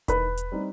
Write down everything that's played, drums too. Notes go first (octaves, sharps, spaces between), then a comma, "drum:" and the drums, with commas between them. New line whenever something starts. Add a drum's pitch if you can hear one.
D#3 B4 B5, drum: kick E1, hi-hat
drum: hi-hat
G3 C4 D#4